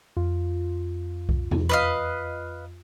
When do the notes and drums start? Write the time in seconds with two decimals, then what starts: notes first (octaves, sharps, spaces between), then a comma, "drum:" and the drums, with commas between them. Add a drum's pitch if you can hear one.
0.16 F2 F4
1.29 drum: kick C2
1.51 drum: tom E2
1.69 B4 D#5 F5